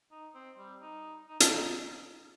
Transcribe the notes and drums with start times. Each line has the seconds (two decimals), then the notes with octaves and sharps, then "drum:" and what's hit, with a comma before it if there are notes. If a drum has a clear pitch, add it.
0.11 D#4
0.34 C4
0.58 G3
0.81 D#4
1.28 D#4
1.40 F4, drum: hi-hat
1.54 D#4